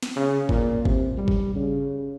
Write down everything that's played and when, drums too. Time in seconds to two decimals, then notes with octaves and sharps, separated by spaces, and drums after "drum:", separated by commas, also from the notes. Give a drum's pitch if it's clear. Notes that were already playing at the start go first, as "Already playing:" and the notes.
0.03 drum: snare
0.16 C#3
0.49 A#2, drum: kick G1
0.85 C3, drum: kick G1
1.17 G3
1.28 drum: kick G1
1.55 C#3